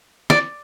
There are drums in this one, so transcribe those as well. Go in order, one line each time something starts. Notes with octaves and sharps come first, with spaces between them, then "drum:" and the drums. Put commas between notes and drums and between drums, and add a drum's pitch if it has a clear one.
D5, drum: snare